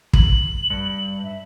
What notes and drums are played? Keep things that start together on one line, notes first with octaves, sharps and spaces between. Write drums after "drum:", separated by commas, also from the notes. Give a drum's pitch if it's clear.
F#7, drum: kick
G2
E5